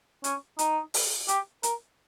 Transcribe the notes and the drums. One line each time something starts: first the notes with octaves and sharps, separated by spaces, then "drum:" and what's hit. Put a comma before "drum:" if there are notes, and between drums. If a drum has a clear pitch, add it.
C#4, drum: hi-hat
D#4, drum: hi-hat
drum: open hi-hat
G4, drum: hi-hat
A#4, drum: hi-hat